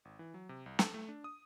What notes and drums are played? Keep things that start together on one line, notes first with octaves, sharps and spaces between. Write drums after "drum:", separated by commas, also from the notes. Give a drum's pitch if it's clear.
G#1
E3
F#3
C3
C2
A4, drum: snare
A3
D4
D#6